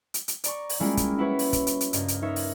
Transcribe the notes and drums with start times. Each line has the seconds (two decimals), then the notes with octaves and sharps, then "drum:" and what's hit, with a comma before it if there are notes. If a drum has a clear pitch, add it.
0.14 drum: hi-hat
0.28 drum: hi-hat
0.44 D5 A#5 C#6, drum: hi-hat
0.69 drum: open hi-hat
0.80 G3 G#3 A#3 C#4 E4 F4
0.97 drum: kick, hi-hat
1.18 E4 F#4 B4 C#5 E5
1.39 drum: open hi-hat
1.53 drum: kick, hi-hat
1.67 drum: hi-hat
1.81 drum: hi-hat
1.93 C#2 G2 A#3 D#5, drum: hi-hat
2.08 drum: hi-hat
2.22 D#4 A#4 C#5 E5
2.36 drum: open hi-hat